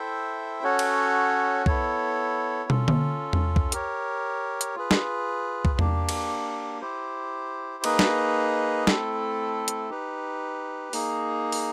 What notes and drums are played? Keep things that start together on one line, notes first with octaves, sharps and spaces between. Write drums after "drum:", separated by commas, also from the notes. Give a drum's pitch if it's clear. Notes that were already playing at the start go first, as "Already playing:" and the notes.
Already playing: E4 A4 C5 E5 G5
C#4 F#4 A4 C#5 F#5
drum: cymbal
B3 E4 A4 C#5, drum: kick B1
C#4 F4 A4, drum: tom
drum: tom D3
drum: tom E2
drum: kick B1
G4 A#4 C#5, drum: hi-hat
drum: hi-hat
F4 G#4 B4
drum: snare
drum: kick B1
A#3 D4 G4, drum: tom E2
drum: cymbal
E4 G4 C5
A#3 D#4 G#4 B4 D#5, drum: cymbal
drum: snare
A3 C4 E4 A4, drum: snare
drum: hi-hat
D#4 G4 B4
A#3 D#4 G#4, drum: open hi-hat
drum: open hi-hat